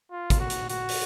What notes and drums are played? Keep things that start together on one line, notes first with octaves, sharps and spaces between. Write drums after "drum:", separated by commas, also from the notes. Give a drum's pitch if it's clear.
F4
drum: kick, hi-hat
F#4
drum: hi-hat
F#4, drum: hi-hat
drum: open hi-hat